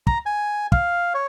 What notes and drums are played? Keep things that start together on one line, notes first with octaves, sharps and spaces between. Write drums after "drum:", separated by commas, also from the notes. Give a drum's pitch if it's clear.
A#5, drum: kick
G#5
F5, drum: kick
C#5